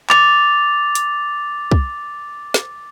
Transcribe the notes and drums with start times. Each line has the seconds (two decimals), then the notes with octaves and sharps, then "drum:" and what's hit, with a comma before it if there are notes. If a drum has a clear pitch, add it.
0.10 D6 A6 F7, drum: clap
0.95 drum: hi-hat
1.72 drum: kick
2.54 drum: snare